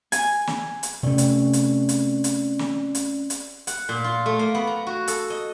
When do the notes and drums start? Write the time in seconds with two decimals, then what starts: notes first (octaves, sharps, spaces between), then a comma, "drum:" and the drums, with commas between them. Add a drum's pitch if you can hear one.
0.12 G#5, drum: hi-hat
0.47 drum: snare
0.83 drum: hi-hat
1.03 C3 A3 C#4 D5
1.18 drum: hi-hat
1.53 drum: hi-hat
1.89 drum: hi-hat
2.24 drum: hi-hat
2.59 drum: snare
2.95 drum: hi-hat
3.30 drum: hi-hat
3.67 F#5, drum: hi-hat
3.89 A#2
4.04 F4
4.26 A3
4.39 A#3
4.55 B3
4.67 A#5
4.87 F#4
5.08 A4, drum: hi-hat
5.30 D#5